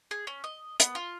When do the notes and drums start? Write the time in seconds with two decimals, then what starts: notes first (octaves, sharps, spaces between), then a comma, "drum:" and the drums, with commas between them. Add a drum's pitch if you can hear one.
0.11 G#4
0.27 C#4
0.44 D#5
0.80 B3, drum: hi-hat
0.95 F4